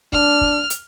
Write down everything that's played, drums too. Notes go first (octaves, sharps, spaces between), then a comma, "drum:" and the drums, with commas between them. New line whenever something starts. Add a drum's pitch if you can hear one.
D4 F6, drum: kick
drum: kick
drum: hi-hat